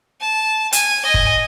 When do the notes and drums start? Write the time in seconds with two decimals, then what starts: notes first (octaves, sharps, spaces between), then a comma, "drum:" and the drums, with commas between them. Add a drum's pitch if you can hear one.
0.21 A5
0.73 G#5, drum: hi-hat
1.04 D#5 G#5
1.14 drum: kick F#1